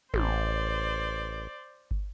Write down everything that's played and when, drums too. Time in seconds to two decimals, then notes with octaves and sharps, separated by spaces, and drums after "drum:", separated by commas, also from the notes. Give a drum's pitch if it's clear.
0.14 A1 C5 D5, drum: tom
1.91 drum: kick